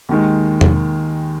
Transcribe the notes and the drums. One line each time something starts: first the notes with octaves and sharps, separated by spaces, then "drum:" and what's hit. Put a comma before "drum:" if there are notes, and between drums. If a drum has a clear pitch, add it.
D#2 D#3 G#3
drum: tom E2